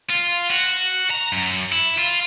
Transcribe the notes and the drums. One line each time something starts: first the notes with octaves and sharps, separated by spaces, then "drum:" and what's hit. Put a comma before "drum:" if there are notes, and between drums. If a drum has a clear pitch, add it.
F4
F#4, drum: open hi-hat
drum: open hi-hat
A#5
F#2
drum: cymbal
E4
F4